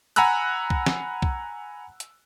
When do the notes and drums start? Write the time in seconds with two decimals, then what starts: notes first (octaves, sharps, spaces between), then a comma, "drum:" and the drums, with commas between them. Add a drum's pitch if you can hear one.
0.16 F#5 G#5 A#5 B5 E6 F#6, drum: hi-hat
0.70 drum: kick B1
0.86 drum: snare
1.22 drum: kick B1
2.00 drum: hi-hat